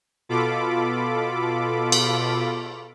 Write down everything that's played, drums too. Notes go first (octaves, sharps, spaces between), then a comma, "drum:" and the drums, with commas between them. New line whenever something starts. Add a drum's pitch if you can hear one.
B2 F4 A4 B5 D6
drum: cymbal